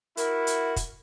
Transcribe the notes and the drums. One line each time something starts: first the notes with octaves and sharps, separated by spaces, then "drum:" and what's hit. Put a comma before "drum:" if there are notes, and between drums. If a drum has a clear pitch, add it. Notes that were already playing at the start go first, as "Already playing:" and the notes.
E4 F#4 A#4, drum: hi-hat
drum: hi-hat
drum: kick, hi-hat